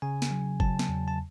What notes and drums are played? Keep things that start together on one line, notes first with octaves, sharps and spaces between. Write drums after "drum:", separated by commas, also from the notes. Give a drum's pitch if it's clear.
C#3 G#5
drum: snare
F#3
F#3 A5, drum: kick G1
drum: snare
E2
A5